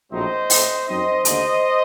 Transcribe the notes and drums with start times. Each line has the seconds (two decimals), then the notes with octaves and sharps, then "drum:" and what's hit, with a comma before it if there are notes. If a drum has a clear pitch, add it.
0.11 A#1 A2 F#3 C4 D#4 C5 D#5
0.50 A2 A3 C4 D#4, drum: open hi-hat
0.87 F#2 F#3 C4 D#4 C5 D#5
1.25 D#2 D3 A3 C5 D#5, drum: hi-hat